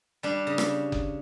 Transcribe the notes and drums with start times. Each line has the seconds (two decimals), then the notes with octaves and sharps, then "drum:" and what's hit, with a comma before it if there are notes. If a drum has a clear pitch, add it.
0.23 G3 D4
0.47 C#3
0.58 drum: rim click
0.92 drum: kick F#1